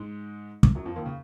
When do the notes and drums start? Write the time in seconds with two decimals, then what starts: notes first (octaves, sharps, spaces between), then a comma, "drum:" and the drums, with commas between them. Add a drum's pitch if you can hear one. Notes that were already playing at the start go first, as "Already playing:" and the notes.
Already playing: G#2 G#3
0.63 drum: kick
0.75 F#2 F#3
0.86 F2 F3
0.96 D#2 D#3
1.06 C#3